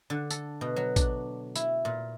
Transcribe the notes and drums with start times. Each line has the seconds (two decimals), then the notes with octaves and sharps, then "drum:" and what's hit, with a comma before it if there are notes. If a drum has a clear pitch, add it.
0.10 D3
0.30 A4, drum: tambourine
0.61 B2
0.76 F#3
0.96 D4, drum: kick, tambourine
1.55 E4, drum: tambourine
1.85 A#2